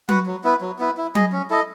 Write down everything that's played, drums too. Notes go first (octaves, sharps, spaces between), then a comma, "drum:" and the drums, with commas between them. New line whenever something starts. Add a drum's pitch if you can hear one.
F#4 B4 F#5, drum: tom F#3
F#3
B3 E4 B4
F#3
B3 E4 B4
E4
G#4 D#5, drum: tom F#3
C#4
E4 A4 D#5